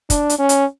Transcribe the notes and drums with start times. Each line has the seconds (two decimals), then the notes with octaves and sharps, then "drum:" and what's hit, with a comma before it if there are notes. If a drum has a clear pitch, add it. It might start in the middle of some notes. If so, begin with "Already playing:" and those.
0.10 D4, drum: kick, hi-hat
0.30 drum: hi-hat
0.39 C#4
0.49 drum: hi-hat